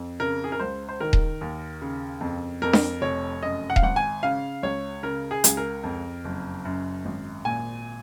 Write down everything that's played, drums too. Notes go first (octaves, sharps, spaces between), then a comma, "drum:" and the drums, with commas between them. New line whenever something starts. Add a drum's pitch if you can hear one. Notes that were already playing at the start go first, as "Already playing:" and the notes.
Already playing: F2
C#3 A#4
G#4
A#4
C#2 C5
C5
D#3 A#4
drum: kick D#1
D#2
C#3
F2
F2 A#4
drum: snare D4
F1 C#5
F#2 D#5
F#5
F5, drum: kick D#1
G#1 F#5
G#5
C#3 F5
C#2 C#5
C#3 A#4
G#4
C#2, drum: hi-hat
A#4
F2
F#1
F#2
G#1
A#2 G#5